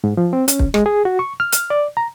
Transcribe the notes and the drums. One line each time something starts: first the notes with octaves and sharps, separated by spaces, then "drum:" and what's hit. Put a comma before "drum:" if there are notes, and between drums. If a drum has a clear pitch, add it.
G#2
F3
C4
C#4, drum: hi-hat
drum: kick
G#3, drum: rim click
G#4
F#4
C#6
F6
drum: hi-hat
D5
A#5